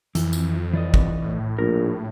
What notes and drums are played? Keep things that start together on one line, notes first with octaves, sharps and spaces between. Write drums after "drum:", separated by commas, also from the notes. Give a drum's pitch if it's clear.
F2 E3, drum: hi-hat
drum: tambourine
E3 D5 D#5
drum: kick
A2
A#1 A#4